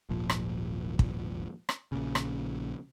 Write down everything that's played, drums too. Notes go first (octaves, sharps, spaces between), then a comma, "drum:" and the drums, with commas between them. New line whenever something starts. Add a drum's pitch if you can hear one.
D#1 G#1 A#2 F3
drum: rim click
drum: kick
drum: rim click
A#1 A#2 C#3
drum: rim click